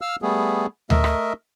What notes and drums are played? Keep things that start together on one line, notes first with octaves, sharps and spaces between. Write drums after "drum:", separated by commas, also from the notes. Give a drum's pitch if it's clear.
F5 E6 F6
G3 A3 B3 G#4
A3 A#4 D#5 E5, drum: tom D2
drum: rim click